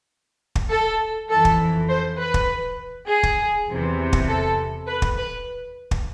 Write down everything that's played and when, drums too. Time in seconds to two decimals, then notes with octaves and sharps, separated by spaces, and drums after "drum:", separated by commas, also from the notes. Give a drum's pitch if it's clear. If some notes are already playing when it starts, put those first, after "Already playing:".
0.55 drum: kick
0.70 A4
1.30 F2 E3 A4
1.45 drum: kick
1.89 C5
2.19 B4
2.34 drum: kick
3.08 G#4
3.23 drum: kick
3.69 E2 C3 E3
4.13 drum: kick
4.28 A4
4.87 B4
5.02 drum: kick
5.17 B4
5.91 drum: kick